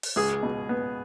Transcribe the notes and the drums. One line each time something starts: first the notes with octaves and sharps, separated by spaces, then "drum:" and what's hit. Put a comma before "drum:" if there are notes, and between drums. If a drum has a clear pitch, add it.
drum: open hi-hat
C#2 G#4
B2
B3